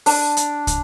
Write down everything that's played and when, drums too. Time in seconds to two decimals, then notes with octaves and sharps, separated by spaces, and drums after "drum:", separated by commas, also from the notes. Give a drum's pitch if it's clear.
0.06 D4, drum: open hi-hat
0.37 drum: hi-hat
0.67 drum: kick, hi-hat